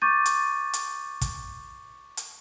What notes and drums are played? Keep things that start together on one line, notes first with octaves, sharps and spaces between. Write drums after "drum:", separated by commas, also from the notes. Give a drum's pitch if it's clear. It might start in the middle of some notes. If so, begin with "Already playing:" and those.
C#6 D6 G6 A6 D#7
drum: hi-hat
drum: hi-hat
drum: kick, hi-hat
drum: hi-hat